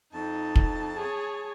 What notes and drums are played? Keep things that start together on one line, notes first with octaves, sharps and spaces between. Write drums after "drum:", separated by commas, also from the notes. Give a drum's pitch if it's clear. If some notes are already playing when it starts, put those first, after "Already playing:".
F2 D#4 A5
drum: kick
G#4 C#5